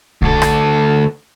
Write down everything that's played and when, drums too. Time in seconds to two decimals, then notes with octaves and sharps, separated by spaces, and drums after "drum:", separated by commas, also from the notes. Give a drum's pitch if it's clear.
0.22 D2 A4, drum: kick A#1
0.42 drum: rim click